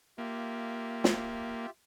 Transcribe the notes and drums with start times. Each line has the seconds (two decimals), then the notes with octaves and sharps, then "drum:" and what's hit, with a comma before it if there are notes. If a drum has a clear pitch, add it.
0.18 A#3 F4 G4 E5
1.04 drum: snare